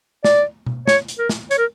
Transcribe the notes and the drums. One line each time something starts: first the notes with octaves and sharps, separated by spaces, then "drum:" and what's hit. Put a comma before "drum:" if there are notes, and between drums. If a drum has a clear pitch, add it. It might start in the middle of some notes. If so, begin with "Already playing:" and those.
D5, drum: snare
drum: tom B2
C#5, drum: snare
drum: hi-hat
A#4
drum: snare
C#5, drum: hi-hat
A#4